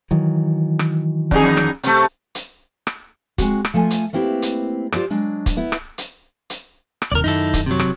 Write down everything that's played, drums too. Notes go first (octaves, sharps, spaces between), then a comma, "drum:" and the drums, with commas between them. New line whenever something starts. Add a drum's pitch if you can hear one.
D#3 E3 F#3
drum: rim click
F2 D#4 G#4, drum: kick C#1
drum: rim click
C3 A3, drum: hi-hat
drum: hi-hat
drum: rim click
G#3 C4 F#4, drum: kick C#1, hi-hat
drum: rim click
F3 A3 F4 E5 G#5
drum: hi-hat
A3 A#3 C4 E4 G4 B4
drum: hi-hat
F4 G4 C5 D5, drum: rim click
F#3 G#3 D4
drum: kick C#1, hi-hat
B3 E4
drum: rim click
drum: hi-hat
drum: hi-hat
drum: rim click
D#1 D#2 C3 A#4 D5
F#2 D#3 D#4 E4 A4
drum: kick C#1, hi-hat
C3 F#3
drum: rim click